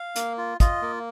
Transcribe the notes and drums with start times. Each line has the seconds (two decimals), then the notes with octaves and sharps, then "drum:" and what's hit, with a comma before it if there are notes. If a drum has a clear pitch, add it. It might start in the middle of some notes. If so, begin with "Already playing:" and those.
Already playing: F5
0.16 A#3, drum: hi-hat
0.38 F4
0.60 F4 D#5, drum: kick, hi-hat
0.82 A#3